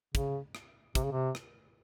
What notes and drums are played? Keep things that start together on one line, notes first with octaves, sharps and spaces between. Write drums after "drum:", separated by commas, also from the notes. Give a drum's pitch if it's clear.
C#3, drum: kick, hi-hat
drum: rim click
C3, drum: kick, hi-hat
C#3
C3
drum: rim click